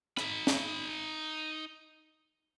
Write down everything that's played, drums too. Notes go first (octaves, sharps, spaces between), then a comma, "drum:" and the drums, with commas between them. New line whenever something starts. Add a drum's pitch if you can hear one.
D#4 B5, drum: rim click
drum: snare